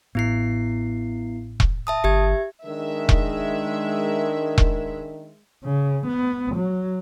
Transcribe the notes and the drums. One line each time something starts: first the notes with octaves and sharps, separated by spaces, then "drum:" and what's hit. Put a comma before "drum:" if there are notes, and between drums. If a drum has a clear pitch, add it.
A1 A2 B3 E4 C7
drum: kick E1
E5 A5 D#6
G1 G4 E5 G#6
D#3 G#3 D4 A#4 E5
drum: kick E1
drum: kick E1
C#3
B3
F#3